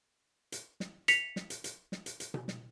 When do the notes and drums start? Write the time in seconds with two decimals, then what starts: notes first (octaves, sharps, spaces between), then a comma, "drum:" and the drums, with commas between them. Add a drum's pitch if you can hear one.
0.52 drum: hi-hat
0.80 drum: snare
1.08 B6 C#7 F7, drum: hi-hat
1.36 drum: snare
1.50 drum: hi-hat
1.64 drum: hi-hat
1.92 drum: snare
2.06 drum: hi-hat
2.20 drum: hi-hat
2.34 drum: tom B2
2.48 drum: snare